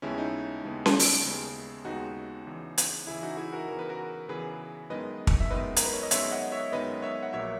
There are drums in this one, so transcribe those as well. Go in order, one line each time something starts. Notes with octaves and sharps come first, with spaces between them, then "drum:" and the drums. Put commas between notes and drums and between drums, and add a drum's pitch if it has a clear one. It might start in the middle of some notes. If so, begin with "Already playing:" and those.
D#2 C#3 G#3 B3 C#4 E4
D#4
D#2 C#3 G#3 B3
drum: snare C#4
drum: open hi-hat
D#2 C#3 G#3 B3
D#2 C#3 G#3 B3 D#4 F#4
E2 C#3 E3
drum: hi-hat
E2 C#3 E3 E4 G#4
D#4 F#4
E4 G#4
F#4 A#4
E2 C#3 E3 A#4
B4
F#4 A#4
E2 C#3 E3 G#4 B4
F#2 D#3 G#3 B3 B4 D#5
drum: kick
E5
F#2 D#3 G#3 B3 B4 D#5
A#4, drum: hi-hat
B4
C#5
D#5
F#2 D#3 G#3 B3 C#5 E5, drum: hi-hat
D#5 F#5
C#5 E5
F#2 D#3 G#3 B3 B4 D#5
C#5 E5
F#5
A#1 A#2 F#3 A#3 C#5 E5